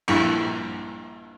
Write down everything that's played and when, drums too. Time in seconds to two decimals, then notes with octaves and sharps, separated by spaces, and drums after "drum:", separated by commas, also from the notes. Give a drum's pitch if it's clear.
0.08 A#1 G2 E4 C#6, drum: cymbal